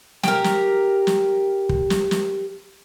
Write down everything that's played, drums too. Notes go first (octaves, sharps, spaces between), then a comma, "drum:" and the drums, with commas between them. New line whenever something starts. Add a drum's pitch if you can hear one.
G4 A#4, drum: snare
drum: snare
drum: snare
drum: kick
drum: snare
drum: snare